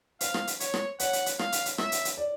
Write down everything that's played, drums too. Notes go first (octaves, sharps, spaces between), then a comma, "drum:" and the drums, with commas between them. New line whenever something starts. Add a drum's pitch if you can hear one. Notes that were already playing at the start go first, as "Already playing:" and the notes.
C5 F5, drum: hi-hat
drum: rim click
drum: hi-hat
C#5, drum: hi-hat
drum: rim click
C#5 F#5, drum: hi-hat
drum: hi-hat
drum: hi-hat
F5, drum: rim click
drum: hi-hat
drum: hi-hat
E5, drum: rim click
drum: hi-hat
drum: hi-hat
D5